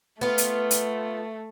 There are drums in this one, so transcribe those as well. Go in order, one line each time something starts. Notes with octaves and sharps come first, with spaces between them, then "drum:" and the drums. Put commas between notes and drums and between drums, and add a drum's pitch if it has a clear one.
A3 B3 F4
drum: hi-hat
drum: hi-hat